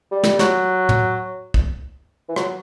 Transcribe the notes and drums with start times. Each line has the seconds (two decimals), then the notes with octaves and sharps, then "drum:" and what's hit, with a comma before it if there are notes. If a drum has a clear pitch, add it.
0.11 G3
0.24 drum: snare
0.39 F#3, drum: snare
0.89 drum: tom
1.54 drum: kick
2.29 E3
2.36 F#3, drum: rim click